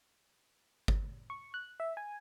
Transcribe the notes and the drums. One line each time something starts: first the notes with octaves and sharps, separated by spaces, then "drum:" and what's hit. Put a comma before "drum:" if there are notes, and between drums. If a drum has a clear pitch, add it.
drum: kick G1
C#6
F#6
E5
G#5